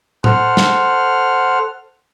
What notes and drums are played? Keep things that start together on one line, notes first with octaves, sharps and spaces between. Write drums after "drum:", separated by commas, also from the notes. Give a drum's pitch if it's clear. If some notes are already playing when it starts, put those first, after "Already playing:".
A4 C5 F#5 F6, drum: tom A2
drum: snare